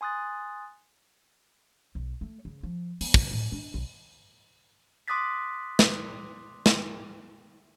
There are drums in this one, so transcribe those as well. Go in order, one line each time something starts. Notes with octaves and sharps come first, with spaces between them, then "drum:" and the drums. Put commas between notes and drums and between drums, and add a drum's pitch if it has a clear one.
G#5 C6 D#6 F#6 A6
B1
A3
C#3
F3
B3, drum: open hi-hat
C3, drum: kick
A2
D4
B1
C6 D6 D#6 F#6 A6 B6
drum: snare
drum: snare